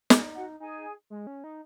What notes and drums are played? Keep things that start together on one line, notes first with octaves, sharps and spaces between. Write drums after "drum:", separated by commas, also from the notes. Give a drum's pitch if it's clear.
D#4 G#4 G#5, drum: snare
F#4 F#5
D#4 G#4 G#5
G#3
C#4
D#4